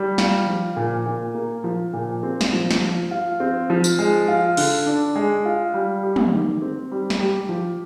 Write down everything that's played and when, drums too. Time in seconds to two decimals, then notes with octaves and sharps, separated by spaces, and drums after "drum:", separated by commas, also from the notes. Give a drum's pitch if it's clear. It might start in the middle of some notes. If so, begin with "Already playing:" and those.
Already playing: G3
0.18 F4, drum: snare
0.47 F3
0.76 A#2
1.06 A#2
1.35 A#3
1.64 F3
1.93 A#2
2.23 C4
2.41 drum: snare
2.53 F3
2.71 drum: snare
2.81 F3
3.11 F4
3.40 C4
3.70 F3
3.84 drum: tambourine
3.99 G#3
4.28 F4
4.57 D3, drum: open hi-hat
4.86 D4
5.16 G#3
5.45 F4
5.74 G3
6.03 G4
6.16 drum: tom
6.32 D#3
6.62 C4
6.91 G3
7.10 drum: snare
7.20 G4
7.49 F3